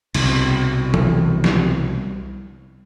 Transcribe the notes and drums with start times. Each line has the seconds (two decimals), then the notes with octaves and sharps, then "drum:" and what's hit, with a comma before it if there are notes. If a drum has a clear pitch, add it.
0.14 C2 B2, drum: cymbal
0.94 drum: tom E3
1.44 drum: snare